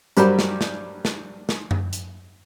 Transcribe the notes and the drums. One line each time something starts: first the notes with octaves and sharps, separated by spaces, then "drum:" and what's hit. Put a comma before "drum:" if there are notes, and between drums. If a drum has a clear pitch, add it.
G2 F#3 G3 A#4 C5 B5, drum: hi-hat
drum: snare
drum: snare
drum: snare
drum: snare
drum: tom F#2
drum: hi-hat